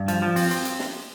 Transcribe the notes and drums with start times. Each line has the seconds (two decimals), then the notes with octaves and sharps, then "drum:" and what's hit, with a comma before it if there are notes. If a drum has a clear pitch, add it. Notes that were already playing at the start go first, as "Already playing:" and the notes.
Already playing: G2
0.08 F3, drum: hi-hat
0.22 F3
0.36 C4, drum: open hi-hat
0.51 C4, drum: hi-hat
0.65 drum: hi-hat
0.79 drum: snare